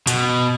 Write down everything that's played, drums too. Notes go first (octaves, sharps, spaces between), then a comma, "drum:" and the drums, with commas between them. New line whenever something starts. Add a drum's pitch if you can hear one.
B2, drum: hi-hat